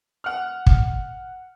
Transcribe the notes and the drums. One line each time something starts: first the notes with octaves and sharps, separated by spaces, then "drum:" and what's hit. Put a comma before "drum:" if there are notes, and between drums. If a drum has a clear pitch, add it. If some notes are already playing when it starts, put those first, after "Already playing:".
F#5 F6
drum: kick